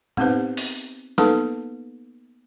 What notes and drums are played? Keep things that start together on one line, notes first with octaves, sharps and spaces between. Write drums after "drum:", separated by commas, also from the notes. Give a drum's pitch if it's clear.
B3 C4 D#4 G4 B4 C5, drum: tom
drum: open hi-hat
A#3 B3 D#4 A4 B4, drum: snare